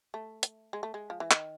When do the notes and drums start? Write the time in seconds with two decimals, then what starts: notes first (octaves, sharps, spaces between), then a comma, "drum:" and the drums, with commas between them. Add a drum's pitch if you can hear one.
0.14 A3
0.43 drum: hi-hat
0.73 G#3
0.83 A3
0.94 G#3
1.10 F3
1.20 E3
1.31 D#3, drum: clap